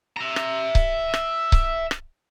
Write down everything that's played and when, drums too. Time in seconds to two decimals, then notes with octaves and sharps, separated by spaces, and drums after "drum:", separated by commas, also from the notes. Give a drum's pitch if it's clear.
0.17 E5 A#5
0.36 drum: rim click
0.75 drum: kick C#1
1.14 drum: rim click
1.52 drum: kick C#1
1.91 drum: rim click